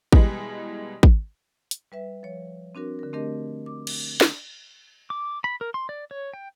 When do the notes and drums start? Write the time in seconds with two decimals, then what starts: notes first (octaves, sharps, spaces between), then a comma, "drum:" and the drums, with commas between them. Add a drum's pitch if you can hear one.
0.12 B2 E3 G3 G#3, drum: kick
1.03 drum: kick
1.71 drum: hi-hat
1.92 G3 B4 E5
2.23 F3 C#5
2.75 C4 D4 F#4 A#4
2.99 D3 A#4
3.13 A3 C4 D4 G4 A#4 D#5
3.66 D6
3.87 drum: cymbal
4.21 drum: snare
5.10 D6
5.44 B5
5.61 A#4
5.74 C6
5.89 D5
6.11 C#5
6.34 G5